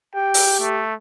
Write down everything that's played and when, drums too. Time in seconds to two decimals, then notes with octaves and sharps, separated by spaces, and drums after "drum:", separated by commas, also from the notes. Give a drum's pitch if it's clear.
0.15 G4 G5
0.34 drum: open hi-hat
0.60 A3